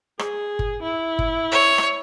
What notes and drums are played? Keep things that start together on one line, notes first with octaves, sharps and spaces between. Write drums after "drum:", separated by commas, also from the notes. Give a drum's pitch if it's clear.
G#4, drum: rim click
drum: kick G1
E4
drum: kick G1
C#5
drum: rim click